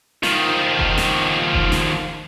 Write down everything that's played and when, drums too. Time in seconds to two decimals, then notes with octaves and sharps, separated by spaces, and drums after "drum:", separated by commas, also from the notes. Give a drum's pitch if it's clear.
0.23 D#3 F3, drum: snare
0.79 drum: kick F1
0.98 drum: snare
1.53 drum: kick F1
1.72 drum: snare